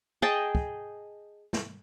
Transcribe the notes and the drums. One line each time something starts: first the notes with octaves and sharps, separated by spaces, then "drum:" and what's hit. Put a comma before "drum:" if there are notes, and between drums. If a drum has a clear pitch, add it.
G#4 D#5 G5 A5
drum: kick
drum: snare